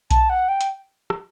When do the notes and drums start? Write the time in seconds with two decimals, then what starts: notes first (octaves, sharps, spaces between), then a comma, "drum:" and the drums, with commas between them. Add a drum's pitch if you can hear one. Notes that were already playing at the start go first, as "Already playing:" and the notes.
0.11 A5, drum: kick B1, hi-hat
0.29 F#5
0.48 G5
0.61 drum: hi-hat
1.10 drum: rim click